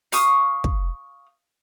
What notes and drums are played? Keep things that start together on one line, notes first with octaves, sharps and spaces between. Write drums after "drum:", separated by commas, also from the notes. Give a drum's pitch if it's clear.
F5 C#6 D#6, drum: open hi-hat
drum: kick